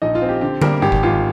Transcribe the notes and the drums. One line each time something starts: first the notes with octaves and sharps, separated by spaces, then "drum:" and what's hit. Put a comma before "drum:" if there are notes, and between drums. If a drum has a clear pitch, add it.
A#1 D#4 D#5
F4
C4
G4
D3 G4
G3 A#3 A#4, drum: tom D3
G#1 G4
drum: kick F#1
G#1 F4